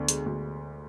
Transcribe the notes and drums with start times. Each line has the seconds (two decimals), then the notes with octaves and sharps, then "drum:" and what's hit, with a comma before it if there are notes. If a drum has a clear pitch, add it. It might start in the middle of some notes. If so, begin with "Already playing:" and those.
Already playing: D2 D3 B3
0.09 G#3, drum: hi-hat
0.26 D2